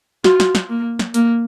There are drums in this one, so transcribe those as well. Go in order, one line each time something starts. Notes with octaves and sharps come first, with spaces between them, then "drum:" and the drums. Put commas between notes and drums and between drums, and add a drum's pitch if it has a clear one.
F4 F#4, drum: snare
drum: snare
drum: snare
A#3
drum: snare
A#3, drum: hi-hat